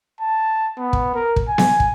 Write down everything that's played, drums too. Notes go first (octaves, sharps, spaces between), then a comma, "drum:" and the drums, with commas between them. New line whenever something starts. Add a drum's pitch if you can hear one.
A5
B3
drum: kick
A#4
drum: kick
G#5
drum: snare B3
drum: kick